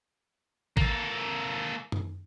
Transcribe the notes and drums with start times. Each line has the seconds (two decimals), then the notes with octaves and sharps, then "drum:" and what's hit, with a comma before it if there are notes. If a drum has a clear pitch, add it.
0.77 A#3 A4, drum: kick
1.92 drum: tom F#2